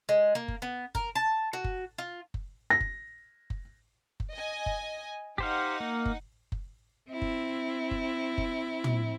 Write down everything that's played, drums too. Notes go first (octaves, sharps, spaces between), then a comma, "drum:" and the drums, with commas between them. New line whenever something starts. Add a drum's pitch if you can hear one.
G#3
A#3
drum: kick F#1
B3
A#4, drum: kick F#1
A5
F#4
drum: kick F#1
F4
drum: kick F#1
A#6
drum: kick F#1
drum: kick F#1
drum: kick F#1
D#5 G#5
drum: kick F#1
D#4 G4 C5 F5 F#5, drum: kick F#1
A#3
drum: kick F#1
drum: kick F#1
C4 E4
drum: kick F#1
drum: kick F#1
drum: kick F#1
drum: tom